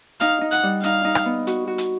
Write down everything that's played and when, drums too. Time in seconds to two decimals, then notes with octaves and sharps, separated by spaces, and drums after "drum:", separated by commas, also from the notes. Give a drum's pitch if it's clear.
0.20 D#4 F5, drum: hi-hat
0.41 D#4
0.52 F#5, drum: hi-hat
0.63 G3
0.83 D#4 F5, drum: hi-hat
1.05 D#4
1.15 drum: rim click
1.25 B3
1.47 F#4, drum: hi-hat
1.67 F#4
1.78 drum: hi-hat